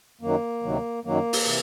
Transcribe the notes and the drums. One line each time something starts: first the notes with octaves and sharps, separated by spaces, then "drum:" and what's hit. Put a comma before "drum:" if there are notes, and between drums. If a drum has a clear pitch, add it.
F#2 D#3 F#3 A#3
D2 C3 D#3 F#3
F#2 D#3 F#3 A#3
drum: open hi-hat
C3 E3